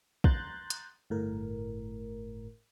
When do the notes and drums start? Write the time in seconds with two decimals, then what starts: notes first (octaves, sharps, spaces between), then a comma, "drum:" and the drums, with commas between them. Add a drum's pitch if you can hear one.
0.24 A#5 C6 F#6 G6 A6, drum: kick
0.70 drum: hi-hat
1.10 G1 A2 A#4